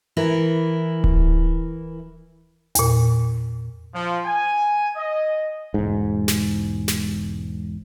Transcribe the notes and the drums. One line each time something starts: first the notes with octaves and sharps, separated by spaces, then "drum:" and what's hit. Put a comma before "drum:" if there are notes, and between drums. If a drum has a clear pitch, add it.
E3 E4 A#4
drum: kick D1
E2 A#2, drum: hi-hat
F3
G#5
D#5
E1 G#2
drum: snare
drum: snare